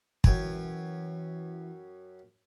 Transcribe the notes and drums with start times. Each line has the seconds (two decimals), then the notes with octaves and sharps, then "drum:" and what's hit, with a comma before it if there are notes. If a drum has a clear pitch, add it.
0.24 F#2 E3 G5 G#5, drum: kick